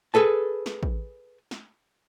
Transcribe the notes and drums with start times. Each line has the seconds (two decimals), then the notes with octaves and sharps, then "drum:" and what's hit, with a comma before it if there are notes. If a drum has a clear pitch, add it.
0.14 G#4 A4 B4 A5
0.66 drum: snare
0.83 drum: kick
1.51 drum: snare